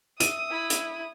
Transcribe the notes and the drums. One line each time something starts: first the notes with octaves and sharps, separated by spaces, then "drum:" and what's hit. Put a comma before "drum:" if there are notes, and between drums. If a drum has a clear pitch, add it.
E5 D#6 D#7, drum: hi-hat
E4
drum: hi-hat